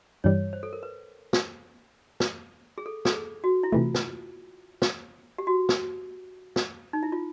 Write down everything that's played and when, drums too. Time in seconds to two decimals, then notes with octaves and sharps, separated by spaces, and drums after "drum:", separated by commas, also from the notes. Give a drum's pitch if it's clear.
0.24 G2 E3 G3 C#5
0.53 C5
0.63 A4
0.73 A#4
0.83 B4
1.33 drum: snare
2.20 drum: snare
2.78 G#4
2.86 A4
3.05 A4, drum: snare
3.15 G#4
3.44 F#4
3.63 E4
3.72 C3 E3 A3 F4
3.95 drum: snare
4.82 drum: snare
5.38 G4
5.47 F#4
5.69 drum: snare
6.56 drum: snare
6.93 D#4
7.03 E4
7.12 F4